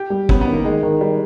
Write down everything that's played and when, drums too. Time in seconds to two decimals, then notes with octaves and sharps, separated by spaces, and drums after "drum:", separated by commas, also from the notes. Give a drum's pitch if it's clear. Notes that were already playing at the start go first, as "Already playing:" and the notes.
Already playing: G4
0.10 G3
0.29 B3 C#4, drum: kick
0.41 B3
0.47 D#3
0.53 A#3
0.65 D#3 G#3
0.83 D#3
1.01 D#3 G3